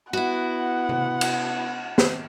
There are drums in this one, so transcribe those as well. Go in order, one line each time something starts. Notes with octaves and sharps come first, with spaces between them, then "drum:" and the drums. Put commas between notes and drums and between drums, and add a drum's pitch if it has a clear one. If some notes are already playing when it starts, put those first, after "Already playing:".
B3 E4 F#4 F#5
drum: tom C3
drum: cymbal
drum: snare